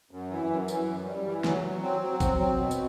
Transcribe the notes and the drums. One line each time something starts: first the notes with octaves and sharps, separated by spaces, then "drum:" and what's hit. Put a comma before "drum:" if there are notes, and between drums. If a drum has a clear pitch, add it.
F#2
E3
F#2
E3, drum: tambourine
F#2
G3
E3
F#3, drum: snare
F#3
C4
F#3
C4, drum: kick G#1, tambourine
C4
B2
drum: tambourine